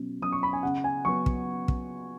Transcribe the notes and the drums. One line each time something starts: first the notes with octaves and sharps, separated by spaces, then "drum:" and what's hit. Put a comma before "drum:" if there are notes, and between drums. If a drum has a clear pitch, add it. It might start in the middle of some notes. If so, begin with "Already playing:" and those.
Already playing: B2 F#3 C#4
F#3 C#4 D#6
C#6
B5
G#5
C#3 F#5
G#5
F#3 B3 C#6
drum: kick
drum: kick